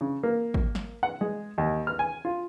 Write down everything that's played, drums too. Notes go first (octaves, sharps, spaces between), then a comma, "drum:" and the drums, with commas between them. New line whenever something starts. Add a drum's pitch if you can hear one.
C#3
A#3
drum: kick
drum: snare
F#5
G#3
D#2
F6
G#5
F4